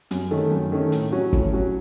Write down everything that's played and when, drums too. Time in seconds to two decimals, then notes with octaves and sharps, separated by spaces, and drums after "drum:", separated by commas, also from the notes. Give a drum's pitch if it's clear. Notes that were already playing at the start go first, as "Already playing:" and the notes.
0.11 F#2, drum: hi-hat
0.31 D#3 A3 C#4
0.51 F#2
0.72 D#3 A3 C#4
0.92 A2, drum: hi-hat
1.12 F#3 C#4 F#4
1.33 A2, drum: kick
1.53 F#3 C#4 F#4